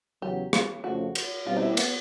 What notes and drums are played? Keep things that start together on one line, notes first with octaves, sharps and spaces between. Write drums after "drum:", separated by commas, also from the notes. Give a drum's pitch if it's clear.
E2 C#3 F#3 G4
drum: rim click
F2 C#3 F3 A3 F#4
drum: cymbal
B2 G3 C4 F4
D#4
E4
A#3
B3, drum: cymbal